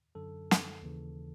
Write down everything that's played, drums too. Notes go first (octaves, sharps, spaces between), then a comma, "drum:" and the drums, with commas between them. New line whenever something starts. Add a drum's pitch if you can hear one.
F#2 D3 F#3 A4
drum: snare
D#2 C#3 E3